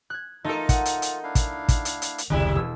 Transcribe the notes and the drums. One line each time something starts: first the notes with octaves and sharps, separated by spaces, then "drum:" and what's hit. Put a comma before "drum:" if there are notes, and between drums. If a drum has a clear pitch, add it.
F#6 G#6
A3 D#4 F4 A4 A#4
F#5, drum: kick, hi-hat
drum: hi-hat
drum: hi-hat
D4 E4 F5
drum: kick, hi-hat
drum: kick, hi-hat
drum: hi-hat
drum: hi-hat
drum: hi-hat
F1 C#2 C3 D#3 G3 E4
E1 E6